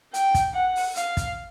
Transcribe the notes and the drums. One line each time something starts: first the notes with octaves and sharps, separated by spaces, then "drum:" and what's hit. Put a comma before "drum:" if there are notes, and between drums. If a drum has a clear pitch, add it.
G5, drum: hi-hat
drum: kick, hi-hat
F#5
drum: open hi-hat
F5, drum: hi-hat
drum: kick, hi-hat